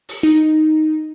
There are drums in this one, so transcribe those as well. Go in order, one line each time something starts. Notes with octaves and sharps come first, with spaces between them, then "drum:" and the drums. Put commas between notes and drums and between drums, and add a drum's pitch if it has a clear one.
drum: open hi-hat
D#4